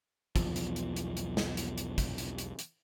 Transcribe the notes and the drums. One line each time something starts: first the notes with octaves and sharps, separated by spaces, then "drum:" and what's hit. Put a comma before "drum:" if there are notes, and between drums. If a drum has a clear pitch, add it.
B1 E2 F3, drum: kick, hi-hat
drum: hi-hat
drum: hi-hat
drum: hi-hat
drum: hi-hat
drum: snare
drum: hi-hat
drum: hi-hat
drum: kick, hi-hat
drum: hi-hat
drum: hi-hat
drum: hi-hat